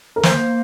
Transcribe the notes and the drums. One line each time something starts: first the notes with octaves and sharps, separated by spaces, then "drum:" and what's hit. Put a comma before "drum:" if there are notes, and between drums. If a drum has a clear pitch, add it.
A#4
A#3 C5, drum: snare